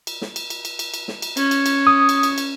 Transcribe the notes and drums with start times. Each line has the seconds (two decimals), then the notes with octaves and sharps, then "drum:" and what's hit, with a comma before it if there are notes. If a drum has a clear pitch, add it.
0.07 drum: cymbal
0.22 drum: snare
0.36 drum: cymbal
0.50 drum: cymbal
0.65 drum: cymbal
0.79 drum: cymbal
0.94 drum: cymbal
1.08 drum: snare
1.22 drum: cymbal
1.37 C#4, drum: cymbal
1.51 drum: cymbal
1.66 drum: cymbal
1.87 D#6
2.09 drum: cymbal
2.23 drum: cymbal
2.38 drum: cymbal